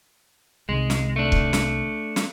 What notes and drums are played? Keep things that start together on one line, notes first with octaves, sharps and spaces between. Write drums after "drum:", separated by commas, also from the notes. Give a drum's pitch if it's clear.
C2 C3 D#3 G#3
drum: snare
A3 D4
drum: kick C#1
drum: snare
drum: snare